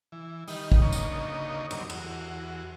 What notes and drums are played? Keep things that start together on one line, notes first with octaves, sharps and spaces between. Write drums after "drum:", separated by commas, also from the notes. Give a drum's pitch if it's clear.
E3
D#3 G3 D#4, drum: open hi-hat
drum: kick
D2 C#3 A#3 D#4 C#5 D#5
drum: tambourine
G2 F#3 A#3 C4 D4 D#4, drum: cymbal
E2 F#4, drum: cymbal